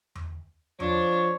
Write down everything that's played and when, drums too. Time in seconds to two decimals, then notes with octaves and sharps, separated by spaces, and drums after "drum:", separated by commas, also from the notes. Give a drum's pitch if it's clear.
0.15 drum: tom E2
0.80 F3 D4 C#5, drum: tom E2